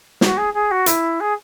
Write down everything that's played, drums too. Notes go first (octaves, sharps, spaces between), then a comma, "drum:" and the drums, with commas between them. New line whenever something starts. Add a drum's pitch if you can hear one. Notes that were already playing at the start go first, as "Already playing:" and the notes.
F#4, drum: snare
G#4
G#4
F#4
E4, drum: hi-hat
G#4